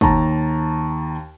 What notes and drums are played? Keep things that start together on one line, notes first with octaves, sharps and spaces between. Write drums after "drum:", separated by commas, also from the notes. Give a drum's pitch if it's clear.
D#2 A5 A#5, drum: kick